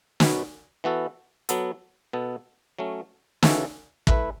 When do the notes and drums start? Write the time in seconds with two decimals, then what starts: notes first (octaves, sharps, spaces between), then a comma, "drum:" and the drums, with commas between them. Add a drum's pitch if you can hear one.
0.20 B2 F#3 C#4 F#4 B4, drum: snare
0.84 E3 B3 F#4 A4
1.49 F#3 B3 A4, drum: hi-hat
2.13 B2 B3 A4
2.79 F#3 A3 C#4
3.43 C#3 E3 C#4 F#4 A4, drum: snare
4.07 A3 E4 B4, drum: kick